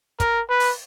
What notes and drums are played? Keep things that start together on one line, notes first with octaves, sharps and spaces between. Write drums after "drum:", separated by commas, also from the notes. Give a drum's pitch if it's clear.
A#4, drum: kick, hi-hat
B4
drum: open hi-hat